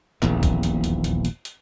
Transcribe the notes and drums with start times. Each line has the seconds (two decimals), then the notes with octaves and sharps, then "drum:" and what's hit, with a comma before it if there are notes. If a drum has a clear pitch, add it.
0.22 D#1 A#1 E2, drum: clap
0.43 drum: kick B1, hi-hat
0.63 drum: hi-hat
0.84 drum: hi-hat
1.04 drum: hi-hat
1.25 drum: hi-hat
1.45 drum: hi-hat